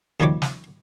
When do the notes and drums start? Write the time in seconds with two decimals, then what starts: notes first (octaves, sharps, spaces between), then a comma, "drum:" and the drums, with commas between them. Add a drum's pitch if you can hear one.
0.20 D#2 D#3 F3 G3 C#5 D6
0.42 drum: snare